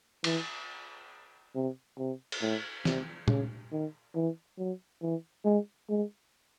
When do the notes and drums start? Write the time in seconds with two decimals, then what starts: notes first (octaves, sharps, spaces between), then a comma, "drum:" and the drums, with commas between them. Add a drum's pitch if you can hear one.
0.24 E3, drum: cymbal
1.55 C3
1.98 C3
2.32 drum: cymbal
2.42 A2
2.85 C3, drum: snare
3.28 C#3, drum: tom
3.72 D#3
4.15 E3
4.58 F#3
5.02 E3
5.45 G#3
5.89 G#3